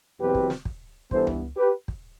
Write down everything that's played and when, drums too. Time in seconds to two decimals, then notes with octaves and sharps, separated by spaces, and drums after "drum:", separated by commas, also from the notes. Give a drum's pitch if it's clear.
0.19 E2 B2 F#3 C4 G4 B4
0.35 drum: kick
0.50 drum: snare
0.65 drum: kick
1.11 G2 E3 B3 A4 C5, drum: kick
1.27 drum: tom C#2
1.57 G4 B4
1.88 drum: kick